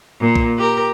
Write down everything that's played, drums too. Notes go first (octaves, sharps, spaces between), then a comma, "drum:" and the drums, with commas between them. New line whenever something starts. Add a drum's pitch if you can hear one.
A#2
drum: kick B1
G4 A#4